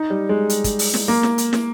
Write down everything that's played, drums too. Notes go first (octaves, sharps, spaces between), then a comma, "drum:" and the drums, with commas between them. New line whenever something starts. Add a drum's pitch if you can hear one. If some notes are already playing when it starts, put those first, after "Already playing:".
Already playing: D#4
G3
G#3
drum: hi-hat
drum: kick, hi-hat
drum: open hi-hat
drum: snare
A#3
drum: snare
drum: hi-hat
drum: snare